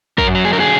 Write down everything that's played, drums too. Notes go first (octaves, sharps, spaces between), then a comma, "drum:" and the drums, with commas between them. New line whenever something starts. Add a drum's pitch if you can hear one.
F#2 A#4, drum: kick
F#3
G#4
D3 A#4
G#4